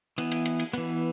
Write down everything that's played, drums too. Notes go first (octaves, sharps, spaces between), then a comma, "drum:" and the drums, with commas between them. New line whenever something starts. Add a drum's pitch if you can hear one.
E3 B3, drum: cymbal
drum: cymbal
drum: cymbal
drum: cymbal
E3 B3, drum: cymbal